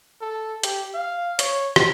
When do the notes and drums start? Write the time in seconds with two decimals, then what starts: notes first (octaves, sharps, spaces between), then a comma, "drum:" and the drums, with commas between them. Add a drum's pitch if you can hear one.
0.21 A4
0.63 G4, drum: hi-hat
0.94 F5
1.39 C#5, drum: hi-hat
1.76 drum: rim click